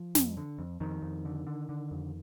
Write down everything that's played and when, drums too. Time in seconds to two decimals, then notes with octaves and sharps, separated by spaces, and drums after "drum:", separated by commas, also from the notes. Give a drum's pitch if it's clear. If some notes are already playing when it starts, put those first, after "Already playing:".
Already playing: F3
0.15 F2, drum: snare
0.37 D3
0.59 F2
0.80 F2 D#3
1.02 F2
1.25 D3
1.47 D3
1.69 D3
1.91 F2